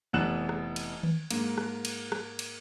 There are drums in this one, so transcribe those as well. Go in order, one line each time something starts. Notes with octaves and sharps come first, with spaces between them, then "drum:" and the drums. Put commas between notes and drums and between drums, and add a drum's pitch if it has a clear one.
F1 E3 B3 F#6 E7
drum: rim click
drum: cymbal
drum: tom D#3
G#2 A#3, drum: cymbal
drum: rim click
drum: cymbal
drum: rim click
drum: cymbal